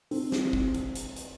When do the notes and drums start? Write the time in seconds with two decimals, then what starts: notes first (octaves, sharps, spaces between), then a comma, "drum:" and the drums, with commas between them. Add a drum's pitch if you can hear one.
0.11 C4, drum: open hi-hat
0.32 drum: snare
0.53 drum: kick
0.74 drum: hi-hat
0.95 drum: hi-hat
1.16 drum: hi-hat